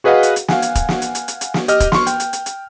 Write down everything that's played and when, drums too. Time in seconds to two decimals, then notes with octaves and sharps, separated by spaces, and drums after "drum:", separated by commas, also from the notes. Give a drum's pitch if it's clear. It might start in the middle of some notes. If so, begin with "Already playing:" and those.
0.04 F#4 G#4 B4 D#5 F5 F#5
0.23 drum: hi-hat
0.36 drum: hi-hat
0.48 F5 F#5 G#5, drum: snare
0.62 drum: hi-hat
0.75 drum: kick, hi-hat
0.89 drum: snare
1.02 drum: hi-hat
1.15 drum: hi-hat
1.28 drum: hi-hat
1.41 drum: hi-hat
1.54 drum: snare
1.68 G4 D#5 F6, drum: hi-hat
1.80 drum: kick, hi-hat
1.92 C6 C#6, drum: snare
2.07 G5, drum: hi-hat
2.20 drum: hi-hat
2.33 drum: hi-hat
2.46 drum: hi-hat